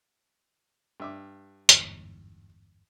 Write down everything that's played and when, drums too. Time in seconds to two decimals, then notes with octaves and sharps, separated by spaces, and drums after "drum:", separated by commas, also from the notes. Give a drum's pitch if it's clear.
1.00 G2 E5 D6
1.69 G1 E2 G#2, drum: hi-hat